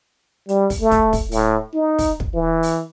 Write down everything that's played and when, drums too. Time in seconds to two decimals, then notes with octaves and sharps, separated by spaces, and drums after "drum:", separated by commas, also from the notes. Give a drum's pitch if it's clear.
0.49 G3, drum: hi-hat
0.70 drum: kick, open hi-hat
0.81 A3
0.91 drum: kick, hi-hat
1.13 drum: kick, open hi-hat
1.32 A2, drum: open hi-hat
1.74 D#4
1.99 drum: kick, open hi-hat
2.20 drum: kick
2.34 E3
2.63 drum: open hi-hat